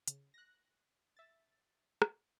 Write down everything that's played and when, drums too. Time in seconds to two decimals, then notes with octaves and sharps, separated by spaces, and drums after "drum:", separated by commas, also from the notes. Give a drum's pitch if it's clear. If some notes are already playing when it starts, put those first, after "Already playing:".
0.08 C#3, drum: hi-hat
0.34 F#6 A#6
1.17 E5 A6
2.02 drum: rim click